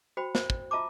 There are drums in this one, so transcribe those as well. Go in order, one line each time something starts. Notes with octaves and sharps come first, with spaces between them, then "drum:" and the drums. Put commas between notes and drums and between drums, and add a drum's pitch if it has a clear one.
F#4 C5 G5 B5
C5, drum: snare
drum: kick
F4 E5 A5 A#5 D6